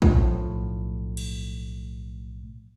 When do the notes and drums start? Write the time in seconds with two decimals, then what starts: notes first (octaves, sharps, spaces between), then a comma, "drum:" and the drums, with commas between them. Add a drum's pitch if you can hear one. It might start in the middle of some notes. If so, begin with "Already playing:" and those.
0.02 B1 A2 F3, drum: kick A#1
1.17 drum: cymbal